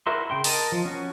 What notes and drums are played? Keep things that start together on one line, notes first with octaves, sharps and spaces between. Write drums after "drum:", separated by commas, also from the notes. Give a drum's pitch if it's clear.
E4 F#4 A#4 E5 C6
C#3 G5 C6
A#4 D#5 A5, drum: open hi-hat
F3
C#4 F#4